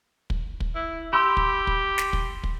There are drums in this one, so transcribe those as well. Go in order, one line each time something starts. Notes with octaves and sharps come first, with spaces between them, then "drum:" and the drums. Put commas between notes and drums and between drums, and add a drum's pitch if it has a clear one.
drum: kick
drum: kick
E4
G4 B5 C6 E6
drum: kick
drum: kick
drum: snare
drum: kick
drum: kick